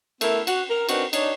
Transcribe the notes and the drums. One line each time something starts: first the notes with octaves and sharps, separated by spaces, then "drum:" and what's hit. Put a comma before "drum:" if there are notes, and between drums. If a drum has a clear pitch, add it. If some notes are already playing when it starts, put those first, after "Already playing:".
A3 B3 E4 A#4, drum: cymbal
F#4, drum: cymbal
A#4
C4 D4 D#4 F#4 A#4 B4, drum: cymbal
D4 D#4 C#5, drum: cymbal